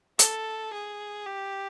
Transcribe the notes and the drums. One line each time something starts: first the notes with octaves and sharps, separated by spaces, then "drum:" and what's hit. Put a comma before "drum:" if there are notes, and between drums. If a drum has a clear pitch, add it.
A4, drum: hi-hat
G#4
G4